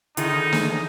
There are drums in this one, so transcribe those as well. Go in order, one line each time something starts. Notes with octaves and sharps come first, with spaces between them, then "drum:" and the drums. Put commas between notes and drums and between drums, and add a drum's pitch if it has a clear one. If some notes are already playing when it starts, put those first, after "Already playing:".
D3 D#3 D#4 E4 G#4, drum: hi-hat
drum: snare